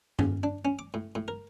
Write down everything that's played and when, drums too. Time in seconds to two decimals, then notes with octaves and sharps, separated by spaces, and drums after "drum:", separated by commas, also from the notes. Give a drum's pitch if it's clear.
0.19 C#3, drum: tom G2
0.43 D4
0.65 C#4
0.79 D6
0.94 A2
1.15 A2
1.28 A#4